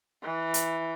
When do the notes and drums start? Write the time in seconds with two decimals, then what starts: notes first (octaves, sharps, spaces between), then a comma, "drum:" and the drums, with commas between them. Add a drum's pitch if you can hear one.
0.23 E3
0.54 drum: hi-hat